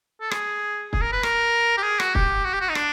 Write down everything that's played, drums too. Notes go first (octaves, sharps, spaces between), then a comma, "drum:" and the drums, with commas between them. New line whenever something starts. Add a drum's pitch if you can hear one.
A4
G#4, drum: rim click
G#4, drum: kick
A#4
B4
A#4, drum: rim click
G4
G#4
F#4, drum: rim click
G4, drum: kick
F#4
G4
F#4
D#4
D4, drum: rim click